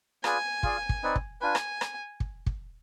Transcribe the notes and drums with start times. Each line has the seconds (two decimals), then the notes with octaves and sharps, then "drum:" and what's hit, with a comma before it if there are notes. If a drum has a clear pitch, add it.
0.24 F4 G#4 B4 D5 G#5, drum: rim click
0.63 F4 G#4 D5 F5, drum: kick
0.89 drum: kick
1.03 C4 D#4 B4 D5
1.16 drum: kick
1.41 D4 F4 B4 G#5
1.55 drum: rim click
1.81 drum: rim click
2.20 drum: kick
2.46 drum: kick